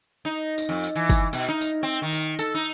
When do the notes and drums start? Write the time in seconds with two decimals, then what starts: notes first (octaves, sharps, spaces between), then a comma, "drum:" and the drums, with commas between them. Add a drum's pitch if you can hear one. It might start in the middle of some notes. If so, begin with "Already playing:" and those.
0.25 D#4
0.58 drum: tambourine
0.69 F2
0.84 drum: tambourine
0.96 E3
1.10 drum: kick, tambourine
1.33 B2, drum: tambourine
1.48 D#4
1.61 drum: tambourine
1.83 C4
2.02 D#3
2.13 drum: tambourine
2.39 A4, drum: tambourine
2.55 D#4